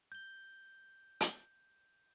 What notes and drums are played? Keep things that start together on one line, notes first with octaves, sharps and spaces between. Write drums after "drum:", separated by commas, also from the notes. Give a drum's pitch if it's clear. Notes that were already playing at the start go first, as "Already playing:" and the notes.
G6 G7
drum: hi-hat